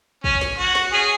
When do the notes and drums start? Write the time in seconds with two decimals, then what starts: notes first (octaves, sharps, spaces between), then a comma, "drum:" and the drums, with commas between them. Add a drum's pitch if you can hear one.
0.24 C#4, drum: kick
0.41 drum: snare
0.58 F#4
0.75 drum: snare
0.93 C#4 G#4